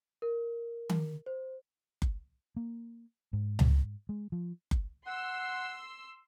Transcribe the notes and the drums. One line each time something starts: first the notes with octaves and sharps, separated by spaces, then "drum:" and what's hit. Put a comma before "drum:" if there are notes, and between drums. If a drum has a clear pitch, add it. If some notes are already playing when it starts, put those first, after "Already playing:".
A#4
drum: tom D#3
C5
drum: kick F#1
A#3
G#2
drum: tom C#2
G#3
F3
drum: kick F#1
F#5 C6 E6